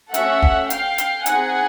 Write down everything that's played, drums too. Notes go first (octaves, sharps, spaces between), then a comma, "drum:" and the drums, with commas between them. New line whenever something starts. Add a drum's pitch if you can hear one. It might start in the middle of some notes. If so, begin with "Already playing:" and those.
A3 C#4 F#4 A4 E5 F#5, drum: hi-hat
drum: kick
F5 G5, drum: hi-hat
drum: hi-hat
C4 D#4 G#4 F#5 G#5, drum: hi-hat